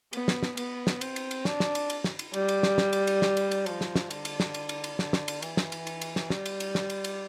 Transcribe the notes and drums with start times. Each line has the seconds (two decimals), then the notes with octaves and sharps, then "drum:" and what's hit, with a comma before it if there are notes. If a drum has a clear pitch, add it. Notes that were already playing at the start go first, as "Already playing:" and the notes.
0.13 B3, drum: cymbal
0.28 drum: snare
0.43 drum: snare
0.57 B3, drum: cymbal
0.87 drum: snare
1.01 C4, drum: cymbal
1.16 drum: cymbal
1.31 drum: cymbal
1.45 D4, drum: snare
1.60 drum: snare
1.75 drum: cymbal
1.90 drum: cymbal
2.04 drum: snare
2.19 drum: cymbal
2.34 G3, drum: cymbal
2.49 drum: cymbal
2.63 drum: snare
2.78 drum: snare
2.93 drum: cymbal
3.07 drum: cymbal
3.22 drum: snare
3.37 drum: cymbal
3.51 drum: cymbal
3.66 F3, drum: cymbal
3.81 drum: snare
3.96 drum: snare
4.11 D3, drum: cymbal
4.25 drum: cymbal
4.40 drum: snare
4.54 drum: cymbal
4.69 drum: cymbal
4.84 drum: cymbal
4.99 D3, drum: snare
5.13 drum: snare
5.28 drum: cymbal
5.42 E3, drum: cymbal
5.57 drum: snare
5.72 drum: cymbal
5.87 drum: cymbal
6.01 drum: cymbal
6.16 drum: snare
6.30 G3, drum: snare
6.46 drum: cymbal
6.60 drum: cymbal
6.75 drum: snare
6.90 drum: cymbal
7.04 drum: cymbal